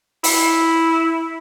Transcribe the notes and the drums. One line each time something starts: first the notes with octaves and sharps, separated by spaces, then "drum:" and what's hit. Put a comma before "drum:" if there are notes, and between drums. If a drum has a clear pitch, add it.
E4, drum: open hi-hat